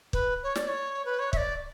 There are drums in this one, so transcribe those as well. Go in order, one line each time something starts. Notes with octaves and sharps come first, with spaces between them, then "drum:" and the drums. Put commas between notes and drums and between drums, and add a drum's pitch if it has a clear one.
B4, drum: kick
C#5
D5, drum: snare
C#5
B4
C#5
E5, drum: kick
D5